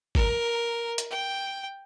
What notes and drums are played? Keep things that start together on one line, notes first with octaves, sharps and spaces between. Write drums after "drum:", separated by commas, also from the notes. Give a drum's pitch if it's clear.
A#4, drum: kick
drum: hi-hat
G5